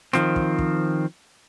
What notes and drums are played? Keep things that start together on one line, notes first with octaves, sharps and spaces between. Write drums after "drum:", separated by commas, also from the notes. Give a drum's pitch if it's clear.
D#3 F3 C4, drum: rim click
drum: kick
drum: kick